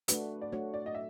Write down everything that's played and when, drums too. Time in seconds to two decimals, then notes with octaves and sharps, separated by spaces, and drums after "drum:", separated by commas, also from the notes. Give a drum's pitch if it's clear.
0.08 A3 D4 F#4 B4, drum: hi-hat
0.41 D5
0.52 A3 D4 F#4 C#5
0.74 D5
0.86 D#5
0.95 E5